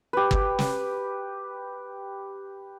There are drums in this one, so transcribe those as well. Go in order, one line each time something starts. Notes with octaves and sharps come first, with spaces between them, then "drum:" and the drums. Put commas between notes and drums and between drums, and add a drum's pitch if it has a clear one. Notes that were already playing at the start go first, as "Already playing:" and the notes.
G4 B4
drum: kick
drum: snare